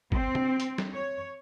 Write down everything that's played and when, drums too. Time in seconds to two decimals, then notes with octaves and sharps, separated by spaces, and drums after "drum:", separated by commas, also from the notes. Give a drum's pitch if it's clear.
0.12 C4, drum: kick G#1
0.35 drum: tom C3
0.60 drum: hi-hat
0.78 drum: snare
0.93 C#5